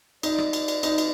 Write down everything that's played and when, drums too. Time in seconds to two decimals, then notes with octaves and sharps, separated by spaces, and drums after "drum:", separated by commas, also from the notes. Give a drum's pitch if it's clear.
0.23 D#4 D5, drum: cymbal
0.38 drum: rim click
0.53 drum: cymbal
0.68 drum: cymbal
0.83 D#4, drum: cymbal
0.98 drum: cymbal